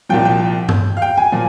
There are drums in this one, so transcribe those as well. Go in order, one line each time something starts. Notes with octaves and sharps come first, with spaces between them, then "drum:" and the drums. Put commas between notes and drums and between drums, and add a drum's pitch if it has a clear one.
C2 A#2 F3 G5
G5
drum: tom G2
F5
G5
G#5
A#2 F3